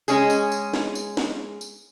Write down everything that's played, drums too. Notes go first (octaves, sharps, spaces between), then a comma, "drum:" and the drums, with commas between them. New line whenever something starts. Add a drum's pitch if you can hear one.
G#3 C#4 G#4, drum: tambourine
drum: tambourine
drum: tambourine
drum: snare
drum: tambourine
drum: snare
drum: tambourine